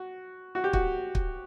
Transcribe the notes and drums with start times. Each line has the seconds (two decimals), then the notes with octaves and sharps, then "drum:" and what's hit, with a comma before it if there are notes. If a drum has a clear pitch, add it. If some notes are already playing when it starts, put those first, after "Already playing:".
Already playing: F#4
0.55 F#4
0.64 G4
0.73 F#4, drum: kick
1.15 drum: kick